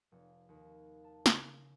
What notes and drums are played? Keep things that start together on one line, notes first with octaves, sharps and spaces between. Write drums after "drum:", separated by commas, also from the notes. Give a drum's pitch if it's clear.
F1
D#2
A5
C#3, drum: snare